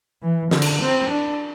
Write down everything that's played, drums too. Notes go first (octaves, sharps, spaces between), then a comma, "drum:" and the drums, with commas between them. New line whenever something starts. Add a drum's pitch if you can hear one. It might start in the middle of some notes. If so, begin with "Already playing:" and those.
E3
D3, drum: snare
drum: cymbal
C4
D4